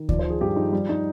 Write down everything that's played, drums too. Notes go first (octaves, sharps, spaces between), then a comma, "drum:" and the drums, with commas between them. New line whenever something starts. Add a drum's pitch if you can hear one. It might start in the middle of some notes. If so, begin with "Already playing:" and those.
Already playing: D#3
F3 D5, drum: kick D2
C5
F3
G#4
G2 G4
F3 D#4
G3
G3 D#4